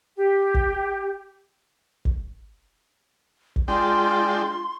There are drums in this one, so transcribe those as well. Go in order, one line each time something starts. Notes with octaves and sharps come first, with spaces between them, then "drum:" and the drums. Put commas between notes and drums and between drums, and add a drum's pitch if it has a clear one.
G4
drum: kick
drum: kick
drum: kick
G#3 D4 F4 G5 C6